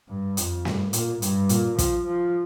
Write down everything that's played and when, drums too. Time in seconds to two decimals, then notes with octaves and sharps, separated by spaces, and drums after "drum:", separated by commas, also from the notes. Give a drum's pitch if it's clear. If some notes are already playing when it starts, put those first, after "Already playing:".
0.09 G2
0.37 F2, drum: hi-hat
0.65 G2, drum: snare
0.93 A#2, drum: hi-hat
1.22 G2, drum: hi-hat
1.49 A#2, drum: hi-hat
1.79 F3, drum: kick, hi-hat
2.06 F3